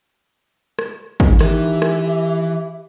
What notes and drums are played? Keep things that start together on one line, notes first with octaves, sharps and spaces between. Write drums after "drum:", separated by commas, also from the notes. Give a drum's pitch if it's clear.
drum: rim click
drum: kick
D#3 E3 G4 E5, drum: rim click
drum: rim click